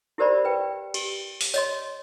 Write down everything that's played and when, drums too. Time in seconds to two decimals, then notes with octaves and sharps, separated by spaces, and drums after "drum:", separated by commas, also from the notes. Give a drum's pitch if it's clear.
0.18 E4 G4 A#4 C5 D5 B5
0.45 B4 G5
0.94 G4, drum: cymbal
1.41 drum: open hi-hat
1.54 C#5 D#5 C6, drum: tambourine